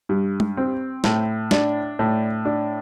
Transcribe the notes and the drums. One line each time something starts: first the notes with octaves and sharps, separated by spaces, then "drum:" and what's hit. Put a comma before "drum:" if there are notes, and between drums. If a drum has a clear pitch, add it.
G2
drum: tom G#3
C4
A2, drum: snare
D4, drum: snare
A2
D4